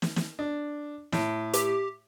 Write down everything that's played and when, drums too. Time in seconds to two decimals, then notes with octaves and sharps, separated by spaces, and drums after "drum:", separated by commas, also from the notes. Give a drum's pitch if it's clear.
0.02 drum: snare
0.16 drum: snare
0.39 D4
1.12 A2, drum: snare
1.53 G4, drum: hi-hat